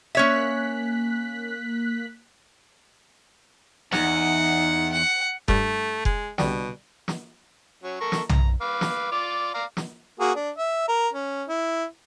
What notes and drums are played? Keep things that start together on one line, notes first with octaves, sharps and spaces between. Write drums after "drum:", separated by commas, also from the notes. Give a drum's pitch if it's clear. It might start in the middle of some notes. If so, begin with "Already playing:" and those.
A#3 C#4 C#5 E5 F#6 B6
E2 D#4 F#5, drum: snare
F#5
G2 G3 A3, drum: kick F1
G#3, drum: kick F1
C2 B2 D3 G3, drum: snare
drum: snare
F#3 C#4
A4 A#4 C#6
drum: snare
A#5, drum: tom B1
B4 F5 D6
drum: snare
F4 D5 D6
D5 F5 A#5
drum: snare
A#3 F#4 G#4
D4
E5
A#4
C#4
E4